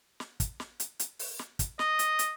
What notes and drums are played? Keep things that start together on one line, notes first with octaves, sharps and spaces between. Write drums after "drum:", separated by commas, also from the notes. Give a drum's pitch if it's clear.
drum: snare
drum: kick, hi-hat
drum: snare
drum: hi-hat
drum: hi-hat
drum: open hi-hat
drum: snare
drum: kick, hi-hat
D#5, drum: snare
drum: hi-hat
drum: hi-hat